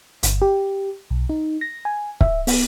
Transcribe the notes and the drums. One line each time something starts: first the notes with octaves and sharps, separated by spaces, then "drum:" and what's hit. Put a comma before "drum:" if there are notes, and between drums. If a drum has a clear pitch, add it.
G1, drum: hi-hat
G4
B1
D#4
A#6
G#5
E5, drum: kick
B3, drum: open hi-hat